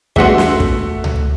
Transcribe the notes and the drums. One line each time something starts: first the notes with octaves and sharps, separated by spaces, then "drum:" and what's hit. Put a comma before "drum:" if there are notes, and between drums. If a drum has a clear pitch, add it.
E2 G2 A3 F#4 E5 F#5 C6, drum: kick
drum: snare
drum: kick
drum: tom C#2